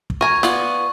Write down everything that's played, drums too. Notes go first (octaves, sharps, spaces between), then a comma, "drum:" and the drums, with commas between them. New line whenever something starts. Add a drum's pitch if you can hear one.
drum: kick
A#4 G#5 A#5 C#6
B3 F4 D5, drum: snare